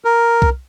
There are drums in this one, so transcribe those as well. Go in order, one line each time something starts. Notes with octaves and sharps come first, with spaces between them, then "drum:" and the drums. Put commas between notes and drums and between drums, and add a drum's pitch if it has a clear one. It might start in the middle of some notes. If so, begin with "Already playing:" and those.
A#4
drum: kick C2